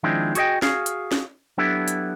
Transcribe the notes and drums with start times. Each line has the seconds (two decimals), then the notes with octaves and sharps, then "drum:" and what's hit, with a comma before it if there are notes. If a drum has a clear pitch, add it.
0.03 D#3 F3 G#3 C4 D4 E4
0.35 F#4 G#4 C#5 D#5 G5, drum: hi-hat
0.62 F#4 G#4 F5, drum: snare
0.86 drum: hi-hat
1.12 drum: snare
1.58 F#3 B3 D4 E4 G4 A4
1.88 drum: hi-hat